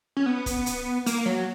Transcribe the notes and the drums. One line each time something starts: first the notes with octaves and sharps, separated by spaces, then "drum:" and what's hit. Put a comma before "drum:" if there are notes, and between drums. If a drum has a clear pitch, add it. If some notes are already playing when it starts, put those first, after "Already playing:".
C#4
B3
drum: kick, hi-hat
drum: hi-hat
A#3, drum: hi-hat
F#3